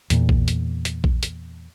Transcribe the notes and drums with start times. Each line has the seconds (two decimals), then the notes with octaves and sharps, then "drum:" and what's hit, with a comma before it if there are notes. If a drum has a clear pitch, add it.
0.10 E2 A#2, drum: hi-hat
0.29 drum: kick A#1
0.48 drum: hi-hat
0.85 drum: hi-hat
1.04 drum: kick A#1
1.23 drum: hi-hat